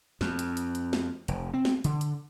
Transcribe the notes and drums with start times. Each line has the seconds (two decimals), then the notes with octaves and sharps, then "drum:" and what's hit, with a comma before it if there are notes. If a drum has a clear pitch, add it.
0.21 F2, drum: snare
0.39 drum: hi-hat
0.57 drum: hi-hat
0.75 drum: hi-hat
0.93 drum: snare
1.28 F1, drum: hi-hat
1.54 C4
1.65 drum: snare
1.84 D3, drum: hi-hat
2.01 drum: hi-hat